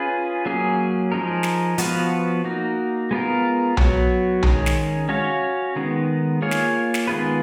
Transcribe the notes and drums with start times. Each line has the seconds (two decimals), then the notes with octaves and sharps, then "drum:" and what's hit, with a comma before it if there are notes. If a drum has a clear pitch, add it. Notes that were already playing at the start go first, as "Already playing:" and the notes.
Already playing: C#4 F4 G#4 B4
0.46 F#3 A#3 C#4 G#4
1.12 F3 G#3 D#4 A#4
1.43 drum: snare
1.78 F3 B3 F#4 B4 F5, drum: hi-hat
2.44 A#3 D#4 F#4
3.11 G#3 B3 F4 A#4
3.77 F#3 B3 F#4 C#5, drum: tom B1
4.43 D#3 G#3 C#4, drum: tom B1
4.66 drum: snare
5.09 C#4 F#4 C#5 F5
5.76 D#3 G#3 B3
6.42 A#3 F4 G#4 C#5 F5
6.51 drum: snare
6.94 drum: snare
7.07 D#3 G#3 B3 F4 B4